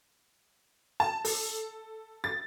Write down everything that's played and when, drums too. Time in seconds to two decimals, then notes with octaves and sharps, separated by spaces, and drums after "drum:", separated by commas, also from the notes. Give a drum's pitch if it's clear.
1.00 A5
1.25 A4, drum: open hi-hat
2.24 A6